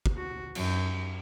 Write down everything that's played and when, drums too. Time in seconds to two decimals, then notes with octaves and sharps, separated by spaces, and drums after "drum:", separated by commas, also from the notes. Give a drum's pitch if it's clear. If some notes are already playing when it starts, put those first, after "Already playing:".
0.06 drum: kick
0.17 F#4
0.55 F#2, drum: cymbal